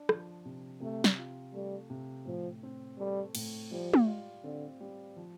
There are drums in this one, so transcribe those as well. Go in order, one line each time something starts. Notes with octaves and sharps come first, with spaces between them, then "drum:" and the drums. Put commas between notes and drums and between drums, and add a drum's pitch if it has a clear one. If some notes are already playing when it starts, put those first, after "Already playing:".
Already playing: D4
F3, drum: rim click
C3
C3 A3
drum: snare
F4
G3 A3
C3
A2 F3
C4
G3 A3
A2, drum: cymbal
F3 G3
drum: tom
F4
D3 C4
G3
F3